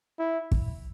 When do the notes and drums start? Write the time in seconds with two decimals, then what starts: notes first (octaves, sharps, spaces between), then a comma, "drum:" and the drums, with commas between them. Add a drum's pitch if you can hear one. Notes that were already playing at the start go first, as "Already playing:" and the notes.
0.19 E4
0.52 drum: kick